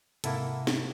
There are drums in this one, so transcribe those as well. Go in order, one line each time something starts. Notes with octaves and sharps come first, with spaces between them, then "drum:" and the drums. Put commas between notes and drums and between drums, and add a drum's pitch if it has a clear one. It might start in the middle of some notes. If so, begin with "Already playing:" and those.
G#2 C3 A#3 E4 A4 F#5, drum: hi-hat
drum: snare